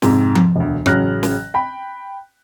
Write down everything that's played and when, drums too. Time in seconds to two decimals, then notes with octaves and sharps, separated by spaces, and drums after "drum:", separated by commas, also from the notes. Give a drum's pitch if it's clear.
0.02 F2 G#2 C3, drum: snare
0.35 drum: tom F3
0.56 E1 D2
0.86 A1 C#3 F#3 F6 F#6 A#6, drum: rim click
1.23 drum: snare
1.54 G5 B5